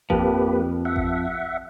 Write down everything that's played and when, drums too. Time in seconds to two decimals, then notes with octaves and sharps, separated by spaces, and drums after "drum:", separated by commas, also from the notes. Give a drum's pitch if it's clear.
0.10 F2 A#2 F3 A#3 G4 B4, drum: kick G#1
0.85 E5 F#5
0.96 drum: kick G#1